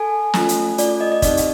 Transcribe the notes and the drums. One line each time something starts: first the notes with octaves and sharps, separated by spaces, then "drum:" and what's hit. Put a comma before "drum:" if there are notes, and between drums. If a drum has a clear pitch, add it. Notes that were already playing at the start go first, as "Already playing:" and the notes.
Already playing: A4 G#5
A3 C#4 F4 A4, drum: snare
drum: hi-hat
A3 C#4 F4 A4 D5, drum: hi-hat
D5
D#5
D#5
C4 D#4 G4 D5, drum: kick, hi-hat
drum: hi-hat